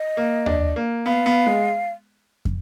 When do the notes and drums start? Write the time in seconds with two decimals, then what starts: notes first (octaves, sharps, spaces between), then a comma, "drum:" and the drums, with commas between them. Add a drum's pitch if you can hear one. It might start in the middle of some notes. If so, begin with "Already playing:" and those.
Already playing: D#5
0.17 A#3
0.46 D4, drum: tom D#2
0.76 A#3
1.06 B3 F5
1.26 B3
1.46 G#3
2.45 drum: kick